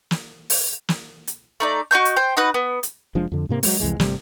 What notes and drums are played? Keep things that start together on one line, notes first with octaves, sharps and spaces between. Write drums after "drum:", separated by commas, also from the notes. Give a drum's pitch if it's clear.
drum: snare
drum: open hi-hat
drum: snare
drum: hi-hat
A3 D#4 D5
F#4 D#5 C#6 G6
drum: hi-hat
C5 G5
D#4 F#4 B4 F#6
B3
drum: hi-hat
F1 F3 G#3 D4
F2 D3
G#2 C3 A#3
F#3 G#3 A#3, drum: open hi-hat
C2 F2 E3 G#3
G1 C3 G3 A3, drum: snare